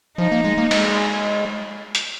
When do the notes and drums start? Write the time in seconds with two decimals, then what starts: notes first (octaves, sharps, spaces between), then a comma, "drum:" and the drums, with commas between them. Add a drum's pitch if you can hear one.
0.18 F3 D#4
0.32 A#3
0.44 G#3
0.58 A#3
0.71 G#3, drum: cymbal
1.95 drum: hi-hat